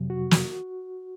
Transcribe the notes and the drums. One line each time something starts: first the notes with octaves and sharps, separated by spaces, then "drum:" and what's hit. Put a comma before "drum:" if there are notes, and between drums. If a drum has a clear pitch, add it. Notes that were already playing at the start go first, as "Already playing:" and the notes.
Already playing: F2 C3 F#3
F#4
drum: snare